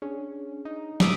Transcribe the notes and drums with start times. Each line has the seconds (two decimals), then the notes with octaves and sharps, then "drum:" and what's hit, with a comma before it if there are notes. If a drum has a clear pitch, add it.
0.02 C#4 D4 G#4
0.65 D#4
1.00 G#2 E3 E5 D6 D#6, drum: snare